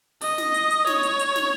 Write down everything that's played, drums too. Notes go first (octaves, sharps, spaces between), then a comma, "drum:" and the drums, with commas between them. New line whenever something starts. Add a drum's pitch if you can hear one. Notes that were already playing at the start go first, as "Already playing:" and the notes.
D#5, drum: open hi-hat
drum: snare
drum: hi-hat
drum: hi-hat
C#5, drum: snare
drum: hi-hat
drum: hi-hat
drum: snare